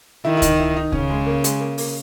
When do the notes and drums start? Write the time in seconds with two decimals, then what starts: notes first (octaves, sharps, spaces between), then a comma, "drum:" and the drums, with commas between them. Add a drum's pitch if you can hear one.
0.25 D#3 E4
0.37 E4
0.42 D#4, drum: kick C#2, hi-hat
0.59 E4
0.76 D#4
0.92 C#3 C#4, drum: kick C#2
1.10 G#3
1.26 A#3
1.44 G#3, drum: hi-hat
1.60 A#3
1.78 A#3, drum: open hi-hat